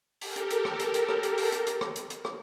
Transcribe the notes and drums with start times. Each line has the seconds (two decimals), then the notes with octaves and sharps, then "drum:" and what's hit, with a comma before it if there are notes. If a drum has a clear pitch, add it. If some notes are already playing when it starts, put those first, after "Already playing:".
0.21 G4 A4 A#4, drum: open hi-hat
0.36 drum: hi-hat
0.50 drum: hi-hat
0.65 drum: rim click
0.80 drum: hi-hat
0.94 drum: hi-hat
1.09 drum: rim click
1.23 drum: hi-hat
1.38 drum: open hi-hat
1.52 drum: hi-hat
1.67 drum: hi-hat
1.81 drum: rim click
1.96 drum: hi-hat
2.10 drum: hi-hat
2.25 drum: rim click